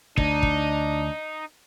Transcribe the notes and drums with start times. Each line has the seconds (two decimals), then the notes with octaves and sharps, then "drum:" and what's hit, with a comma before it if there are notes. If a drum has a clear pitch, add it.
0.17 D2 D4 D#4, drum: kick
0.43 drum: kick